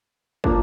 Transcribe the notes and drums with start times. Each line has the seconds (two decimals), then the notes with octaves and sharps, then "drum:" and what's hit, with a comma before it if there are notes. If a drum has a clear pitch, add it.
0.44 F3 A#3 D4, drum: kick